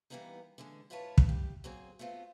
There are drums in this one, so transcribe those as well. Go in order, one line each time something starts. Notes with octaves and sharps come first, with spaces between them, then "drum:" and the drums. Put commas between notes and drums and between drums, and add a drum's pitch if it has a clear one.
E3 F3 G3 A#3 B3 D#4
D3 E3 G#3
G#2 E4 F4 B4 C#5 A5
drum: kick
G4
F#3 A#3 C4 G#4
A3 B3 C4 F4